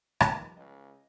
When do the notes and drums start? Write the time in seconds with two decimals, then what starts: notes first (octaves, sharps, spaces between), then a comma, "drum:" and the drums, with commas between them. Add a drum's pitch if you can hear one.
0.20 D#3 F3 G3 B4, drum: rim click
0.57 C#2 D#5